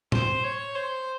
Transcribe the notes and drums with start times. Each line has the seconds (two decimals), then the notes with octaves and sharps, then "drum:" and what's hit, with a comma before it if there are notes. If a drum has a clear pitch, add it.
0.12 C5, drum: tom A2
0.44 C#5
0.75 C5